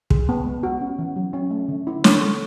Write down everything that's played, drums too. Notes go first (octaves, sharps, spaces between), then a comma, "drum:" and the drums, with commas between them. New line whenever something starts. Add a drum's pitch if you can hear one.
G#4, drum: kick
B3
G#3
F#4
C#4
E3
F#3
C#4
A3
D3
E4
C#5, drum: snare
A4